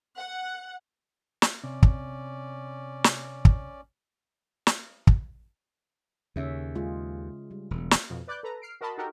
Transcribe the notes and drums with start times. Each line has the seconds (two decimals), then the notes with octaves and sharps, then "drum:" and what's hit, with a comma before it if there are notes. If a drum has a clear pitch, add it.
0.17 F#5
1.42 drum: snare
1.64 C3 C#4 D5
1.83 drum: kick
3.04 drum: snare
3.45 drum: kick
4.67 drum: snare
5.07 drum: kick
6.36 D#2 C#3 C#4 E5
6.75 G#3 F4 G#4
7.51 G3
7.71 E1
7.91 drum: snare
8.10 F2 B2
8.27 B4 D5 D6 F#6 G6
8.43 A4 B4 A#5
8.62 F6 C7 D7
8.81 F#4 A#4 D#5 A5 B5 C6
8.98 D#4 F#4 G4 A4 A#4